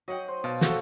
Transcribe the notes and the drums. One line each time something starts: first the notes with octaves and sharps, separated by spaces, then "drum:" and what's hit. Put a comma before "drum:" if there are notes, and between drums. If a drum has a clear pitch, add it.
F#3 D#5 F#5 G5
C5
B2 F5 A5
F#4 A4, drum: snare